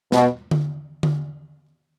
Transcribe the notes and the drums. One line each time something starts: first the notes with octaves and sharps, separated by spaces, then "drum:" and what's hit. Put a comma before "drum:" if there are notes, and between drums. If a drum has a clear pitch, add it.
B2, drum: snare
drum: tom D3
drum: tom D3